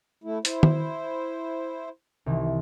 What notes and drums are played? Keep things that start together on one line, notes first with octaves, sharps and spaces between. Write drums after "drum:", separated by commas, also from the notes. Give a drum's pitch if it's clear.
A3 E4
E4 C5, drum: hi-hat
drum: tom
C2 D#3 E3